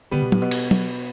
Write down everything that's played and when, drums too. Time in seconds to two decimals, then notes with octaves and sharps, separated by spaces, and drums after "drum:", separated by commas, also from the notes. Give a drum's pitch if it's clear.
0.11 D3 G3 B3
0.21 B2
0.32 A2, drum: tom F#3
0.41 B2
0.51 drum: cymbal
0.71 drum: tom F#3